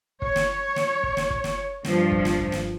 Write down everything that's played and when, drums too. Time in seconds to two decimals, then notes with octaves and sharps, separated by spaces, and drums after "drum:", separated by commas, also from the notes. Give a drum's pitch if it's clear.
0.22 C#5, drum: kick
0.36 drum: snare
0.76 drum: snare
1.03 drum: kick
1.17 drum: snare
1.30 drum: kick
1.44 drum: snare
1.84 G2 F3, drum: snare
2.12 drum: kick
2.25 drum: snare
2.39 drum: kick
2.52 drum: snare